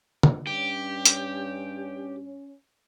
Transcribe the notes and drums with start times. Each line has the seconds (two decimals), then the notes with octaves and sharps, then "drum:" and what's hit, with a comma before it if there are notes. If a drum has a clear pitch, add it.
0.23 drum: tom
0.47 G2 C#4 G4
1.05 drum: hi-hat